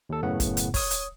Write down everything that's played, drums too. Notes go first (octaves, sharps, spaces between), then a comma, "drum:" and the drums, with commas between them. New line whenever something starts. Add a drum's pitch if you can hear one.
D#2 A4
F#2 A2 C#3 B3 F#5
drum: kick, hi-hat
drum: hi-hat
C#5 D#6, drum: kick, open hi-hat
drum: hi-hat